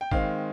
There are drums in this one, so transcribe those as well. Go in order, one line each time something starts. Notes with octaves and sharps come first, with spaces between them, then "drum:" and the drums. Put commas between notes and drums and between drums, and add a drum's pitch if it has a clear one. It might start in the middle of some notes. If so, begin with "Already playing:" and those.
G5
D#3 G#3 C4 F5, drum: kick